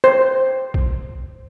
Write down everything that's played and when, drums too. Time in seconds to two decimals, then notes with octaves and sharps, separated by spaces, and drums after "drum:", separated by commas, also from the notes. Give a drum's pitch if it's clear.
0.04 C5
0.74 drum: kick